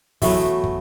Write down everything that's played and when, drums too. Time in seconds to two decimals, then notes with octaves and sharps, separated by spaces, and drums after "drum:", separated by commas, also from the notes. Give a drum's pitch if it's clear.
0.22 E3 F#3 A3 B3, drum: kick, open hi-hat
0.64 drum: kick